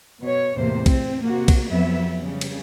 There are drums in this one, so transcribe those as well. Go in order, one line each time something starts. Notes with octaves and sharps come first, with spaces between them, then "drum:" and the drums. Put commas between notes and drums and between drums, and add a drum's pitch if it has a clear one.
B2 C#5
E2 A2 C3 A#3 C5
C4, drum: kick B1, cymbal
C3 A#3 F#4
drum: kick B1, cymbal
F2 F#3 B3 E5
C#3 G3
drum: cymbal